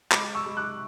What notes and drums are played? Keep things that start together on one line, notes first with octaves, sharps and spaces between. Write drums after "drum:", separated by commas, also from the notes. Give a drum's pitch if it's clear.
G#3 B5 D6, drum: clap
C#6 E6
G#3
D6 F#6